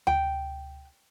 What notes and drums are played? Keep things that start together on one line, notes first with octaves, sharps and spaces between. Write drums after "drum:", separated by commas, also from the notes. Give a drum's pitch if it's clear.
G5, drum: tom D2